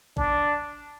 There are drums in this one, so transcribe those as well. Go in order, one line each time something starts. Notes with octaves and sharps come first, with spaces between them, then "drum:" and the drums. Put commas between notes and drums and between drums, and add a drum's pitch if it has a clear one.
D4, drum: kick G#1